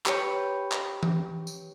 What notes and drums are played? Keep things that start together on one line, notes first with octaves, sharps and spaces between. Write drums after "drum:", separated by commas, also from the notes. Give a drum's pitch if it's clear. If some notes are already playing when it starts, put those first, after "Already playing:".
G4 B4 C#5, drum: clap
drum: clap
drum: tom E3
drum: tambourine